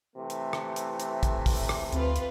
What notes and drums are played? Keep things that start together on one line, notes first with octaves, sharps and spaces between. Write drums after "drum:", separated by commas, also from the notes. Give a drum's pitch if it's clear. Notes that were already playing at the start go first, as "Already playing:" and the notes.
C3 E3 A3
drum: hi-hat
drum: rim click
drum: hi-hat
drum: hi-hat
drum: kick, hi-hat
drum: kick, open hi-hat
drum: rim click
D2 C4 F4 B4, drum: hi-hat
drum: hi-hat